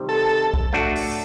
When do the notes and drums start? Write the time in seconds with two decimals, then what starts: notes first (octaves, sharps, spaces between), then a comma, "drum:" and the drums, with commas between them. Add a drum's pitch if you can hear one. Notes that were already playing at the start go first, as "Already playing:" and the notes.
Already playing: C3 D#3 G3
0.09 A4
0.54 drum: kick
0.73 A3 D4 F#4
0.96 drum: open hi-hat